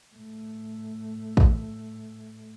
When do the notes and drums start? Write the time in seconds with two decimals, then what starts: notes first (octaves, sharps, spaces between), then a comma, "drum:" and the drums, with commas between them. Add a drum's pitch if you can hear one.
0.15 A2 A3
1.37 drum: kick